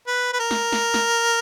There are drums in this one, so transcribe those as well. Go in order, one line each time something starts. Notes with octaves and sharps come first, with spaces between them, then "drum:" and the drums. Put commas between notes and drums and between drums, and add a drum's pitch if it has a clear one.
B4
B4
A#4
drum: snare
drum: snare
drum: snare